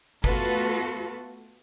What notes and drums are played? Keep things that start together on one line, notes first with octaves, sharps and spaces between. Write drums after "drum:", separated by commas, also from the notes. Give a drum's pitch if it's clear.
A3 B3 F4 F#4 A4 B4, drum: kick G1